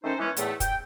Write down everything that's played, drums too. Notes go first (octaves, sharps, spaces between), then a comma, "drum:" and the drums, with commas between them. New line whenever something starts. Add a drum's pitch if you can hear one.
D#3 A3 C#4 D#4 A4 C5
E3 G#3 B3 C#4
E2 A2 A3, drum: hi-hat
G5, drum: kick, hi-hat